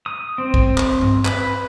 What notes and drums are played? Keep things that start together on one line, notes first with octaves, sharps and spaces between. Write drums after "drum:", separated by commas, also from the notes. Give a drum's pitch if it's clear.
D#6
C4
drum: kick
drum: clap
drum: tom G2
B4, drum: clap